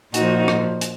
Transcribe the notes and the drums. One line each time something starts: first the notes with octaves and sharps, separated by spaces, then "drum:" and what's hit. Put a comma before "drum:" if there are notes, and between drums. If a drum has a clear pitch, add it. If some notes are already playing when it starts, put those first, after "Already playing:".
A#2 F3 D#4 F#4, drum: hi-hat
drum: rim click
drum: hi-hat